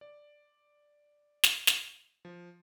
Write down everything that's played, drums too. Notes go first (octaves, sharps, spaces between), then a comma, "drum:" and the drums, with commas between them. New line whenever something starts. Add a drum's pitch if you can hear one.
D5
drum: snare
drum: snare
F3